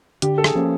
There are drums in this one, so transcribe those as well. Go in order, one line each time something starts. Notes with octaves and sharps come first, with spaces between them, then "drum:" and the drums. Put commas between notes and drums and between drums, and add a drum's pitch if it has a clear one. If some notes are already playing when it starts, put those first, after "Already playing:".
D3 G4, drum: hi-hat
A4
G#4, drum: rim click
F3 A#3 C#4